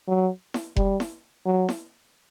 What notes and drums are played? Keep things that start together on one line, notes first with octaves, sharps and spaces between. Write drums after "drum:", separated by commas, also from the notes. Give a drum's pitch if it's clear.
F#3
drum: snare E4
G3, drum: kick F1
drum: snare E4
F#3
drum: snare E4